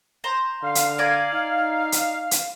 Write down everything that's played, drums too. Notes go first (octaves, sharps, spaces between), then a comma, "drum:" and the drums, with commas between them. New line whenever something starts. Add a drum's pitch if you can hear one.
C5 A#5
D3 F5
drum: hi-hat
A#4 D5 G#5
D#4
drum: hi-hat
drum: hi-hat